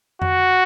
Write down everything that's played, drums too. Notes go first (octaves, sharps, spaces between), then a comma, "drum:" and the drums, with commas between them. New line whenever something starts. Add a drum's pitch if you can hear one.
F#4, drum: tom F2